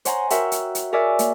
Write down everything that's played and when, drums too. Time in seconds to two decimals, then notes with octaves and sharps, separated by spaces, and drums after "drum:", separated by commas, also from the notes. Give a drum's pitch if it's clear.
0.05 C5 C#5 F#5 G#5 A#5 C6, drum: hi-hat
0.30 F#4 A#4 C#5 E5 F#5 G5, drum: hi-hat
0.52 drum: hi-hat
0.75 drum: hi-hat
0.92 G#4 A#4 C#5 D5 E5 G#5
1.19 A#3, drum: hi-hat